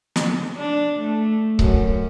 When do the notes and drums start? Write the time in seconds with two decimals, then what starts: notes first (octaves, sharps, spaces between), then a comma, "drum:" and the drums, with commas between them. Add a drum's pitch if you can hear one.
0.16 drum: snare
0.57 D4
1.01 A3
1.59 F#2, drum: kick C#1